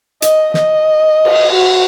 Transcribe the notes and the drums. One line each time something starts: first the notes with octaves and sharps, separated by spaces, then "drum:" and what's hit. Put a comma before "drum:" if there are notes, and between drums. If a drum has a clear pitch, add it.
D#5, drum: hi-hat
D#5, drum: snare
drum: cymbal
F#4